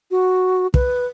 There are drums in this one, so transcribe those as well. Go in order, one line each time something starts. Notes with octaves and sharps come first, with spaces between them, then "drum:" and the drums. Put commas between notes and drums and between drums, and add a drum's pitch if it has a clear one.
F#4
B4, drum: kick